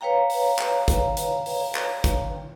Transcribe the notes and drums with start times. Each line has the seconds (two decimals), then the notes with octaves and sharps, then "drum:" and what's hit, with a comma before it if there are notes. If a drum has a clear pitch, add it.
0.01 B4 C#5 F5 G5 A#5
0.30 drum: open hi-hat
0.59 drum: clap
0.88 drum: kick G#1, hi-hat
1.17 drum: hi-hat
1.46 drum: open hi-hat
1.75 drum: clap
2.04 drum: kick G#1, hi-hat